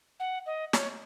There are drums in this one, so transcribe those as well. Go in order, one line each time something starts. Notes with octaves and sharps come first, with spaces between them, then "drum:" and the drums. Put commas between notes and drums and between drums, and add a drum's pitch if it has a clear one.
F#5
D#5
C#5, drum: snare